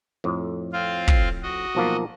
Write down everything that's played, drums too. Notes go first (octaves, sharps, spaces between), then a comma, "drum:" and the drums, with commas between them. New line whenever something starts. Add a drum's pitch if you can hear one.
F2 A2
C4 F4 F5
drum: kick
F#4 D#5
B1 F3 A#3